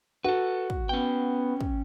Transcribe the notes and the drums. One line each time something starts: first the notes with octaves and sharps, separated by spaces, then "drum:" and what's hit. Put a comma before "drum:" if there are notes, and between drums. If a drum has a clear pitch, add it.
F#4 A4 B4
drum: kick
B3 C#4 G5
drum: kick